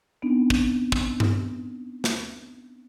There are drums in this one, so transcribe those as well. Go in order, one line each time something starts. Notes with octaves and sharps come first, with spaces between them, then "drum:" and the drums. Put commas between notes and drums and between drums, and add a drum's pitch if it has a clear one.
B3 C4 D4 D#4
drum: kick
drum: kick
drum: tom G2
drum: snare